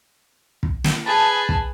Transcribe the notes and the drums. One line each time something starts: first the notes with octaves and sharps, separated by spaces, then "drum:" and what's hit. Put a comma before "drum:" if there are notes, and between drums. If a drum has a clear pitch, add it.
drum: kick
drum: snare
G#4 B4 A5
drum: kick